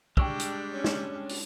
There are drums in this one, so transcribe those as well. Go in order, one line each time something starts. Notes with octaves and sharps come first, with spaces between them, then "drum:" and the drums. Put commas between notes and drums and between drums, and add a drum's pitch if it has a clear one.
G3 G#3 D4 G5 C#6 E6, drum: kick
drum: hi-hat
C#4
drum: snare
drum: open hi-hat